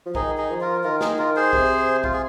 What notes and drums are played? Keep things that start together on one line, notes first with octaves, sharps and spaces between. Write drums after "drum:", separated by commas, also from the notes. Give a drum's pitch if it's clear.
F3
D#3 D#4 G#4, drum: kick
D#4 G#4
F3
F4 A#4
D#3 F4 A#4
D#4 G#4, drum: snare
F4 A#4
G#4 C5
C3, drum: kick
F4, drum: kick
G#4